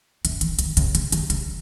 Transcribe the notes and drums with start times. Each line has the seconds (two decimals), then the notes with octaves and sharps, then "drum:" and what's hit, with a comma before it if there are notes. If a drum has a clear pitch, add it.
0.25 F#2, drum: hi-hat
0.41 E3, drum: hi-hat
0.59 D#3, drum: hi-hat
0.77 C#3, drum: hi-hat
0.95 C#3, drum: hi-hat
1.12 D#3, drum: hi-hat
1.30 C#3, drum: hi-hat